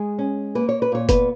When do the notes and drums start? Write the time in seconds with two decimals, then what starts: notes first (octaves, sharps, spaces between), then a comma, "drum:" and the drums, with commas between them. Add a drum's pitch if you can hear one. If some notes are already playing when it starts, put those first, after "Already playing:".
Already playing: G#3 G#4
0.19 C#4
0.55 A#3 B4
0.69 C#5
0.82 B4
0.92 A#2 C#5
1.09 B3 B4, drum: kick F#1, hi-hat